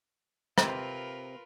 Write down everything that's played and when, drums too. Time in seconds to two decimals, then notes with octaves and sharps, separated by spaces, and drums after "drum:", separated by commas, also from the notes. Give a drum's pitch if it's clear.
0.58 C3 C4 F4 A#4 B4, drum: rim click